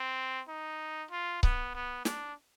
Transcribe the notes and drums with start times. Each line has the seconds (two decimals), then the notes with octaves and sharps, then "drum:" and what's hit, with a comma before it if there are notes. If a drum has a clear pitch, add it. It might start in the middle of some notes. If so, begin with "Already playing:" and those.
Already playing: C4
0.48 D#4
1.11 F4
1.43 B3, drum: kick C#1
1.75 B3
2.05 D4, drum: snare